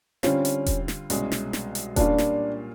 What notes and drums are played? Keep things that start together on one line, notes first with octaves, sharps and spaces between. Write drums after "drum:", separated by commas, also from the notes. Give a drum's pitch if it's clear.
D3 G3 C4 C#4 F4, drum: snare
drum: hi-hat
drum: kick E1, hi-hat
drum: snare
C2 B2 G#3 C#4, drum: hi-hat
drum: snare
drum: snare
drum: hi-hat
A#2 G3 A#3 C#4 D4 F4, drum: kick E1, hi-hat
drum: snare